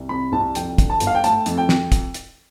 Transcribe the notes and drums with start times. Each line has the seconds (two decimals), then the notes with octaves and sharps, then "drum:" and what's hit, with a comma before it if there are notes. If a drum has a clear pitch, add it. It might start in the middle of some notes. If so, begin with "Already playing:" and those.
Already playing: C2
0.09 C3 B5
0.32 C2 A5
0.55 F2 G5, drum: hi-hat
0.78 D3, drum: kick, hi-hat
0.90 A5
1.00 G1, drum: hi-hat
1.07 F5
1.15 G5
1.24 A3 A5, drum: hi-hat
1.46 F2, drum: hi-hat
1.58 G5
1.69 drum: snare
1.92 drum: kick, hi-hat
2.14 drum: hi-hat